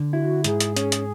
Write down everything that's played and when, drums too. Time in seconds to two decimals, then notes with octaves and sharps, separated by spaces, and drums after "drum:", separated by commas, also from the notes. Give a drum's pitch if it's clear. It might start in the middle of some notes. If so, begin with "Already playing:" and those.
Already playing: D3
0.13 E4 F#4
0.44 G#2 G#4, drum: hi-hat
0.60 drum: hi-hat
0.76 C#4, drum: hi-hat
0.92 drum: hi-hat